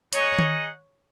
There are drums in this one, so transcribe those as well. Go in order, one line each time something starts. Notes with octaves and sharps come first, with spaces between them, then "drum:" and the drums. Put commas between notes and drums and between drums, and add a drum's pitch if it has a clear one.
D#4 G#4 C#5 D#5 F#5, drum: hi-hat
drum: tom D#3